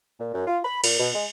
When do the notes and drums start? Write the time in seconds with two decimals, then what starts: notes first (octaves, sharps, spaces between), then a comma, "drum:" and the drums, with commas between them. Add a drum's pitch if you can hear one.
0.20 A#2
0.34 F#2
0.47 F4
0.64 B5
0.84 A#2, drum: cymbal
1.00 B2
1.14 G#3